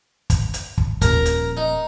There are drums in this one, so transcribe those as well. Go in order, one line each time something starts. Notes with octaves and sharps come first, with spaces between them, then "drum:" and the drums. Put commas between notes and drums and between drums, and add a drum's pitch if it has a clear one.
drum: kick, hi-hat
drum: hi-hat
drum: kick
D#1 F3 A#4 A#5, drum: kick, hi-hat
drum: hi-hat
D#4